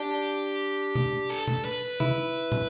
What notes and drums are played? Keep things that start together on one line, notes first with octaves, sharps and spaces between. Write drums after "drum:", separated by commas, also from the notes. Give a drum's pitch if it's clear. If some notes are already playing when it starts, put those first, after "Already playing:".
Already playing: D4 G4
drum: tom B2
A4
drum: tom B2
B4
E4, drum: tom
drum: tom